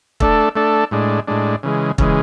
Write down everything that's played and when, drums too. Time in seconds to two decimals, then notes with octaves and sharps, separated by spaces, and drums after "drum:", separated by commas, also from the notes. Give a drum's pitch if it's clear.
0.20 A3 D4 A4, drum: kick
0.56 A3 D4 A4
0.91 A2 G#3 D4
1.28 A2 G#3 D4
1.63 C#3 E3 G#3
1.98 C#3 E3 G#3, drum: kick